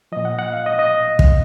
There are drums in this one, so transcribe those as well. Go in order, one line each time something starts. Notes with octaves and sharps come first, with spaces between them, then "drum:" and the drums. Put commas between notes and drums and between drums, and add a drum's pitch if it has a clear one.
A#2 F3 D#5
F#5
F#5
F5
D#5
D#5
drum: kick